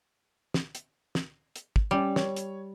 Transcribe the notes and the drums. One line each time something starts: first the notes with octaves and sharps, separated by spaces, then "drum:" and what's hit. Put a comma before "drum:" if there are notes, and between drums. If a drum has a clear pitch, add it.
drum: snare
drum: hi-hat
drum: snare
drum: hi-hat
drum: kick
G3 C#4 D5
C#5, drum: snare
drum: hi-hat